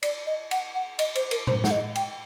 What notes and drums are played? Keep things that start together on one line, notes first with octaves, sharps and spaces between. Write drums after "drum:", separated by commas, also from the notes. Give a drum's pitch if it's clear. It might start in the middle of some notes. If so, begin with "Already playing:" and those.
D5, drum: cymbal
D#5
F#5, drum: cymbal
F#5
D#5, drum: cymbal
C5, drum: cymbal
A#4, drum: cymbal
C5, drum: tom A2
F#5, drum: snare
D#5
G5, drum: cymbal